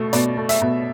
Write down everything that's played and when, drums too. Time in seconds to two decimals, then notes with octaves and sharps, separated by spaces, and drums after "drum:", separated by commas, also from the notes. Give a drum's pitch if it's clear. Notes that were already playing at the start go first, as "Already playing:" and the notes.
Already playing: B2 A3
0.13 B2 D5, drum: hi-hat
0.37 A3
0.49 E5, drum: hi-hat
0.61 B2